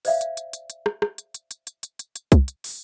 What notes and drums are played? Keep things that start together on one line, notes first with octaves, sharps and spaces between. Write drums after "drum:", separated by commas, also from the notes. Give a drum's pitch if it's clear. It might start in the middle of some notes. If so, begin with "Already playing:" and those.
C5 D5 E5 F5, drum: open hi-hat
drum: hi-hat
drum: hi-hat
drum: hi-hat
drum: hi-hat
drum: rim click
drum: rim click
drum: hi-hat
drum: hi-hat
drum: hi-hat
drum: hi-hat
drum: hi-hat
drum: hi-hat
drum: hi-hat
drum: kick C2, hi-hat
drum: hi-hat
drum: open hi-hat